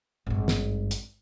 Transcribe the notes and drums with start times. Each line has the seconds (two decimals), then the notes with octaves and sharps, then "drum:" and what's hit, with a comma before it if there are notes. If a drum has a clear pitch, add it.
0.26 G#1 G2
0.48 drum: snare
0.91 drum: hi-hat